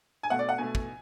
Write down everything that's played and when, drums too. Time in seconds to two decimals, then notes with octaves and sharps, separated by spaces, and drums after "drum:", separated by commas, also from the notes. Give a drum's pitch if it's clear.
0.23 G#5
0.30 B2 A3 F#5
0.39 D5
0.49 F#5
0.58 B2 A3 G#5
0.75 drum: kick